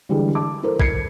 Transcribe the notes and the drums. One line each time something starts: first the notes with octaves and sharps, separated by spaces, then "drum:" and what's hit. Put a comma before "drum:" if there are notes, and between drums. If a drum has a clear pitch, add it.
D3 E3 G3 G#3
A5 D6
E4 A4 A#4 C5
G#6 C7 C#7, drum: kick